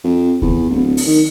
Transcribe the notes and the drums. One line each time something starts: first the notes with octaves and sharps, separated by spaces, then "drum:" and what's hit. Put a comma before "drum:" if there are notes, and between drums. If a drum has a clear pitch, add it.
F2
E2, drum: kick D2
D1
drum: open hi-hat
D#3